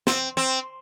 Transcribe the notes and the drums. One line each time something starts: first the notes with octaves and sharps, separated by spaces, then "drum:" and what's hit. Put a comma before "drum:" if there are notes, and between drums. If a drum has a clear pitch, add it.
C4, drum: snare
C4